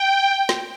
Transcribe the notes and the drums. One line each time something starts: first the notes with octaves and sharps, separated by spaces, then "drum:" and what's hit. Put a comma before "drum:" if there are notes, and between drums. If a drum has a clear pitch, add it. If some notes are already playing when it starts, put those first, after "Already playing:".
Already playing: G5
drum: snare